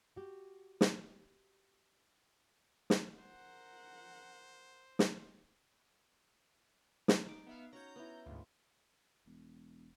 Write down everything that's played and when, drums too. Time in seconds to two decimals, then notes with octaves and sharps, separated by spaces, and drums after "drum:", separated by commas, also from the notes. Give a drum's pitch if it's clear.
0.16 F#4 G4
0.81 drum: snare
2.90 drum: snare
3.19 A#4 C5 F#5
4.99 drum: snare
7.08 drum: snare
7.26 D#4 D6
7.46 B3 E5 F5
7.73 C#4 F#4 C#5 A#5 G6
7.96 B3 E4
8.26 D2 G#2 F4
9.26 E1